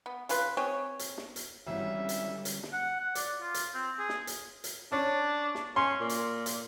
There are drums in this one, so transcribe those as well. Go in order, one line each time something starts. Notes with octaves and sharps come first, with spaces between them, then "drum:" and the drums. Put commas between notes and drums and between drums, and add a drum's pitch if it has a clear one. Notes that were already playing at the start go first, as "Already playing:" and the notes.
B3
C#3 F4 B4, drum: hi-hat
C4 G#4 C#5
drum: hi-hat
drum: snare
drum: hi-hat
G#1 D3 E3 F#3 G3 C#4 E5
drum: hi-hat
drum: hi-hat
drum: snare
F#5
F#5
D5, drum: hi-hat
F4
drum: hi-hat
C4
G#4
drum: snare
drum: hi-hat
drum: hi-hat
C#4 D4
drum: snare
C#4 C6
A#2
drum: hi-hat
drum: hi-hat